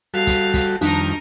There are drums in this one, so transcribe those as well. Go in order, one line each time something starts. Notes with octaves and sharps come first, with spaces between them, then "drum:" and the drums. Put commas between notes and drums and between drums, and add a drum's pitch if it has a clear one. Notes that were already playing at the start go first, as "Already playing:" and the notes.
G3 F#4 A4 F5
drum: kick, hi-hat
drum: kick, hi-hat
F2 D#3 G3 D4 D#4 A#4, drum: hi-hat